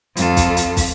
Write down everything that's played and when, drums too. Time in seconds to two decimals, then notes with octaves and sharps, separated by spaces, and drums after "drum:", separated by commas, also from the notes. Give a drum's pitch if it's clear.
0.17 F2 F4 A4, drum: hi-hat
0.37 drum: kick, hi-hat
0.57 drum: hi-hat
0.77 drum: kick, open hi-hat